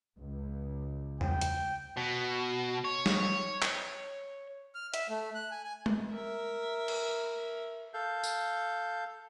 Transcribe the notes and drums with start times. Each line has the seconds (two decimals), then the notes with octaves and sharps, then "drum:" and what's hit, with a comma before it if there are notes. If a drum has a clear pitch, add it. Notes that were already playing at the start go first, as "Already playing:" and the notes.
0.18 C#2
1.21 G5, drum: tom E2
1.41 drum: hi-hat
1.97 B2
2.84 C#5
3.06 drum: snare
3.62 drum: clap
4.75 F6
4.94 E5, drum: hi-hat
5.09 A3
5.35 F#6
5.51 G#5
5.64 G#5
5.86 drum: tom G#3
6.12 A#4 E5
6.88 drum: cymbal
7.94 A4 F5 G6
8.24 drum: tambourine